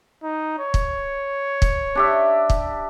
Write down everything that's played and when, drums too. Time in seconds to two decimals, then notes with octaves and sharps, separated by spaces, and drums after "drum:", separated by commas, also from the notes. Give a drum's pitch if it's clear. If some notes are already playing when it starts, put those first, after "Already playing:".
0.23 D#4
0.59 C#5
0.74 drum: kick
1.62 drum: kick
1.95 D4 G4 E5
2.50 drum: kick